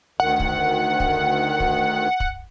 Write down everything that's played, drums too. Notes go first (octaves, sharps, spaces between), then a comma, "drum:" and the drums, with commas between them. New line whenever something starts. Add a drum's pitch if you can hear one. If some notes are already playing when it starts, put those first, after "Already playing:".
D2 D#3 F#5
drum: kick
drum: kick
drum: kick
drum: kick